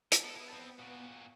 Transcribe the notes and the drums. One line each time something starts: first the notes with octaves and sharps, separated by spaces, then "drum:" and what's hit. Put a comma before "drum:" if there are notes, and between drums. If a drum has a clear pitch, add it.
B3 A4, drum: hi-hat
B3 A4
E4
C4 A4
A#2 F#4